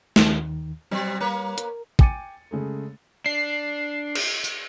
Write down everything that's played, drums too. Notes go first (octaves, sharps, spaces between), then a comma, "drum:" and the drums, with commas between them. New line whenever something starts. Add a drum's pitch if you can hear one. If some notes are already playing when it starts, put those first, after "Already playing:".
D#2 D#3, drum: snare
B2 F#3 G3 C4
A#3 B4 C#5
A#4, drum: hi-hat
G5 G#5 D6 A6 C#7 D#7, drum: kick
C#3 G#3 A3
D4 C7
drum: cymbal
drum: tambourine